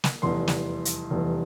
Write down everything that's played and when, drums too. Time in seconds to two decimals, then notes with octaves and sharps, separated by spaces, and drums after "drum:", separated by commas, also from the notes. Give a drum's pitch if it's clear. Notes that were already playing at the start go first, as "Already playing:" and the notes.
0.04 drum: snare
0.22 F1 E2 E3 G3 C6
0.48 drum: snare
0.85 drum: hi-hat
1.10 F1 E2 E3 G3